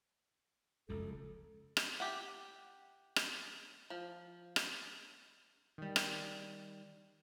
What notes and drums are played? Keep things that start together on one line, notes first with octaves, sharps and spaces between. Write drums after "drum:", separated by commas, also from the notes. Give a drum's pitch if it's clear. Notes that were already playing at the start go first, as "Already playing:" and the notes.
F1 C#2 F#2 A4
drum: rim click
G4 E5 F#5
drum: rim click
F3
drum: rim click
D#3 G3
drum: rim click